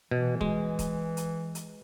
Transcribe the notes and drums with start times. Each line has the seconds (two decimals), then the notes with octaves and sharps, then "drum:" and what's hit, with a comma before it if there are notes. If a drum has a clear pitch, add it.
0.11 B2 E3
0.41 G#3, drum: kick
0.79 drum: kick, hi-hat
1.17 drum: hi-hat
1.55 drum: hi-hat